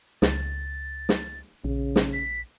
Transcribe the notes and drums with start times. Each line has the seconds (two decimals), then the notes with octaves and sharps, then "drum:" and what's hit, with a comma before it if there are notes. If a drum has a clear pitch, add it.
0.22 C#2 A6, drum: snare
1.09 drum: snare
1.64 A#1 C#3
1.96 drum: snare
2.13 B6